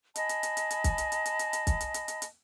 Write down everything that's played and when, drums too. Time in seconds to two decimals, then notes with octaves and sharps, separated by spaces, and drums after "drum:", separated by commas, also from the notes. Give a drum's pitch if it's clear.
0.16 D#5 G#5 A5 B5, drum: hi-hat
0.29 drum: hi-hat
0.43 drum: hi-hat
0.57 drum: hi-hat
0.71 drum: hi-hat
0.84 drum: kick, hi-hat
0.98 drum: hi-hat
1.12 drum: hi-hat
1.26 drum: hi-hat
1.39 drum: hi-hat
1.53 drum: hi-hat
1.67 drum: kick, hi-hat
1.81 drum: hi-hat
1.94 drum: hi-hat
2.08 drum: hi-hat
2.22 drum: hi-hat